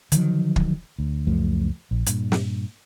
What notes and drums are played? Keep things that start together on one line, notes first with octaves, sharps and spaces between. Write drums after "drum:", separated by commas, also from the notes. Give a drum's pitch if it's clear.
D3 D#3 F3 F#3, drum: hi-hat
drum: kick
D2
C#2 F#2 F3 A3
A#1
G2 A#2, drum: hi-hat
drum: snare